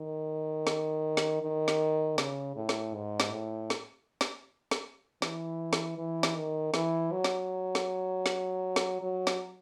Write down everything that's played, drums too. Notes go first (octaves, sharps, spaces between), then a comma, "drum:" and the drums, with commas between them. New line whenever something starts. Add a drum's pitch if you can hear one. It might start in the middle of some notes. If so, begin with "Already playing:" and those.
Already playing: D#3
drum: snare
drum: snare
D#3
drum: snare
C#3, drum: snare
A2
drum: snare
G#2
drum: snare
A2
drum: snare
drum: snare
drum: snare
E3, drum: snare
drum: snare
E3
drum: snare
D#3
E3, drum: snare
F#3
drum: snare
drum: snare
drum: snare
drum: snare
F#3
drum: snare